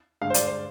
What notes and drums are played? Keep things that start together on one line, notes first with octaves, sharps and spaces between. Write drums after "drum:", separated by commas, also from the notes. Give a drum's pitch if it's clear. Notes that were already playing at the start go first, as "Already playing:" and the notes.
G2 D3 G#3 F5
C5
D5, drum: hi-hat
C5